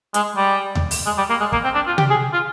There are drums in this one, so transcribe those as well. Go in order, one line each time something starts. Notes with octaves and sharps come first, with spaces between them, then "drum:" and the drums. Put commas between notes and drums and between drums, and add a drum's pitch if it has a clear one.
G#3, drum: hi-hat
G3
drum: tom D#2
drum: open hi-hat
G#3
G3
A#3
G#3
A#3, drum: kick
C4
D4
F4
G4, drum: tom C3
G#4
F4